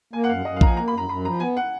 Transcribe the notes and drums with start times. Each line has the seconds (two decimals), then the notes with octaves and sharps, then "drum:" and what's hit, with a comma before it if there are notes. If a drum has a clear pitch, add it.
0.13 A#3 G#5
0.24 F#5
0.29 F#2 F5
0.45 F#2 D#5
0.56 F5
0.61 F3 A#5, drum: kick A#1
0.67 G#5
0.76 A#3 A#5
0.88 B5
0.93 F#2 A#5
1.09 F#2 B5
1.24 F3 A#5
1.40 B3 G#5
1.57 F#5